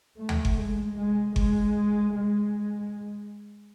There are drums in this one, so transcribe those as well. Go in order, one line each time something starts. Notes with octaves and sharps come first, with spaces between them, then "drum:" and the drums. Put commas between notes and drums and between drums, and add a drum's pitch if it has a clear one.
A3
drum: tom D2
drum: kick G1
G#3
G#3
G#3, drum: kick G1
G#3